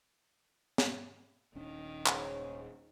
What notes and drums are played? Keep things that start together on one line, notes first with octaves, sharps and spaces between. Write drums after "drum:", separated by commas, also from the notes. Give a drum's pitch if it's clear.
drum: snare
D#1 D#3 C#4 D4
G#2 C#3 G#4 C#5, drum: clap